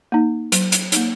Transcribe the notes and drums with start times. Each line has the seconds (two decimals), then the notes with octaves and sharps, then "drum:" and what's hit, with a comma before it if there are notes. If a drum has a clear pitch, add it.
0.12 A#3 D#4
0.52 F#3, drum: hi-hat
0.72 drum: hi-hat
0.92 A#3 D#4, drum: hi-hat